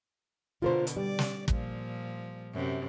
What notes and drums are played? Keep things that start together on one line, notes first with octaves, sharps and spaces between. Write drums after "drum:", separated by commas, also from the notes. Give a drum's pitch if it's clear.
B2 D3 F4 A#4 C5
drum: hi-hat
G3 D5
drum: snare
A#2 F3, drum: kick
F#2 C3